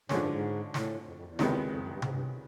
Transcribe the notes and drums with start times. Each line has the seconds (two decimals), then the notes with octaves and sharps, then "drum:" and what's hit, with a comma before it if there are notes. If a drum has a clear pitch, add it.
0.09 G#2 D3 F3 G#3 C#4, drum: snare
0.20 G2
0.31 G#2
0.74 A2, drum: snare
1.06 F2
1.16 F2
1.27 E2
1.39 C#2 C3 D#3 G#3 B3, drum: snare
1.71 F2
1.81 F#2
1.92 G2
2.02 G#2, drum: tom C3
2.13 G2